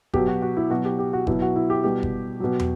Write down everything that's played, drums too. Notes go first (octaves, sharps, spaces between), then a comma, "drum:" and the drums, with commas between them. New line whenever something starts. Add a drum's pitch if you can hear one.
B2 F#3 G4, drum: kick F#1
F#4
F#4
E4
B2 F#3 F#4
G4
G4
F#4
B2 F#3 E4, drum: kick F#1
F#4
E4
G4
B2 G3 G4
drum: kick F#1
B2 F#3
drum: tom